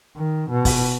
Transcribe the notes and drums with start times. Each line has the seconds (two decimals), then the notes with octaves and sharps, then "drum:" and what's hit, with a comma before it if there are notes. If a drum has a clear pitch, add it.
0.17 D#3
0.50 B2
0.65 drum: kick, open hi-hat